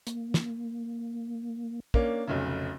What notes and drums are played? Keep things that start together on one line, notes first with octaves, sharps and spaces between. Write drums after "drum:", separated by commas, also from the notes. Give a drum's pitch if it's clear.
A#3, drum: hi-hat
drum: snare
A#3 C#4 D4, drum: kick
F1 B1 C#3